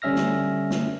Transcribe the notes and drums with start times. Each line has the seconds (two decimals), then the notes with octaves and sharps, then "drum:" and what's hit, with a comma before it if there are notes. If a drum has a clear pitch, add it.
0.02 D3 G3 C#4 E5 F6 A#6
0.16 drum: snare
0.71 drum: snare